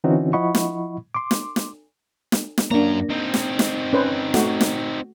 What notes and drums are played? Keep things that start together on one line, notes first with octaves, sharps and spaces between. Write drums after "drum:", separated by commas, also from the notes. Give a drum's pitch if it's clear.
D3 E3 C4 C#4 D#4 F#4
F3 E4 D#5 F#5 B5 C#6
drum: snare
C6 D6
drum: snare
drum: snare
drum: snare
drum: snare
F#2 A#3 D4 A#5
C4 D#4
drum: snare
drum: snare
C#4 B4 C5
A3 F#4, drum: snare
drum: snare